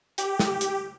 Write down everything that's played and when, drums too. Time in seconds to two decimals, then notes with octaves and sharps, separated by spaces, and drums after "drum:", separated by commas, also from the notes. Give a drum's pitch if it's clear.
0.18 G4, drum: hi-hat
0.39 drum: snare
0.61 drum: hi-hat